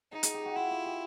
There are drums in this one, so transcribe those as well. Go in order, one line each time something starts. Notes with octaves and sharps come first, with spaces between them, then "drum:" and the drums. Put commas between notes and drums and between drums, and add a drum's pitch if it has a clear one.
D#4 G#4
G#4, drum: hi-hat
G4
F#4
E4 F4
G4
G4